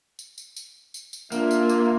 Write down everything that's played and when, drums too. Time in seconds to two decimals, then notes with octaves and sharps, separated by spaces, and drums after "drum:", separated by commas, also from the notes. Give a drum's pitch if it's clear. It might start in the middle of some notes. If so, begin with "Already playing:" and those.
0.19 drum: tambourine
0.38 drum: tambourine
0.56 drum: tambourine
0.94 drum: tambourine
1.13 drum: tambourine
1.32 A#3 D4 F4 E5, drum: tambourine
1.51 drum: tambourine
1.69 drum: tambourine